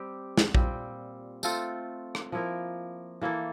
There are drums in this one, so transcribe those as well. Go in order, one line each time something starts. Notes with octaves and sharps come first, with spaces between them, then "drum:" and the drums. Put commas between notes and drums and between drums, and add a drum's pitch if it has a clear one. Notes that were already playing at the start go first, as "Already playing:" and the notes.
Already playing: G3 C4 G4
drum: snare
A#2 G3 C4, drum: kick A#1
A3 C4 F4 A4, drum: tambourine
drum: rim click
F3 A#3 E4 A#4
E3 A#3 E4 A4